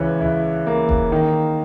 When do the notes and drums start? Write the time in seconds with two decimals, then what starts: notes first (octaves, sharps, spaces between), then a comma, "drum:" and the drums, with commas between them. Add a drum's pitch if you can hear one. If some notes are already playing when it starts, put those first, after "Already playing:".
Already playing: C#2 E3 B4 C#5
0.20 C#2 E4
0.67 A#3
0.89 drum: kick F1
1.12 D#3 D#4